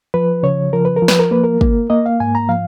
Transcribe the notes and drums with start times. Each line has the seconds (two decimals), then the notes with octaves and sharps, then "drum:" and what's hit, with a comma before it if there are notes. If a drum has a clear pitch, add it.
0.14 F3 B4
0.43 C#3 C#5
0.73 F3 A#4
0.85 B4
0.96 A#4
1.02 F3
1.08 B4, drum: snare
1.20 A#4
1.31 A#3 B4
1.44 A#4
1.61 A#3, drum: kick
1.90 A#3 D#5
2.06 F5
2.20 G#2 G#5
2.35 A#5
2.49 F3 F5